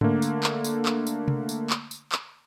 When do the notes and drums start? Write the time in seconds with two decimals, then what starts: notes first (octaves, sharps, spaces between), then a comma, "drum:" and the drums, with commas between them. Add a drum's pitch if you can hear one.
0.01 D3 A3 A#3, drum: tom G#2
0.22 drum: tambourine
0.43 drum: clap
0.64 drum: tambourine
0.86 drum: clap
1.07 drum: tambourine
1.28 drum: tom C3
1.49 drum: tambourine
1.70 drum: clap
1.91 drum: tambourine
2.12 drum: clap